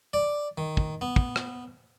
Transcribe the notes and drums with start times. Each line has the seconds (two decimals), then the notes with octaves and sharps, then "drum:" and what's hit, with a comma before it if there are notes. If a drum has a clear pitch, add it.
0.13 D5
0.58 D#3
0.77 drum: kick
1.01 B3
1.16 drum: kick
1.36 drum: rim click